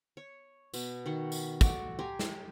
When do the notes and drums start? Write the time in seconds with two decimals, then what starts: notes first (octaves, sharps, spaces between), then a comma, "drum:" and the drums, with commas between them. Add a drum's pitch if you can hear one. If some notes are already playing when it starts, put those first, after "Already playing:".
0.17 C#5
0.74 B2, drum: tambourine
1.06 D#3 F#4 F#5
1.32 drum: tambourine
1.61 A3 F#4 D5, drum: kick, tambourine
1.99 G4 G#5 A#5 C6
2.19 drum: snare